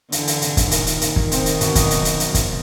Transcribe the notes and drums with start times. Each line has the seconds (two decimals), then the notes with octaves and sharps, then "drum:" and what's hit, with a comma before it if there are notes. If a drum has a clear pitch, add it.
0.12 E2 D3, drum: hi-hat
0.27 drum: hi-hat
0.42 C3, drum: hi-hat
0.57 drum: kick, hi-hat
0.71 A#2 D#3, drum: hi-hat
0.87 drum: hi-hat
1.01 A#2, drum: hi-hat
1.16 drum: kick
1.31 C4, drum: hi-hat
1.46 drum: hi-hat
1.61 B2, drum: hi-hat
1.75 drum: kick, hi-hat
1.90 F#3, drum: hi-hat
2.05 drum: hi-hat
2.20 F#3, drum: hi-hat
2.34 drum: kick, hi-hat